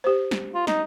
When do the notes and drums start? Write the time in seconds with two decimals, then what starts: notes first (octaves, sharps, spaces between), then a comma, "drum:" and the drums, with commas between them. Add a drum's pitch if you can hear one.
0.04 G4 C5
0.31 drum: snare
0.55 F4
0.67 D#4, drum: snare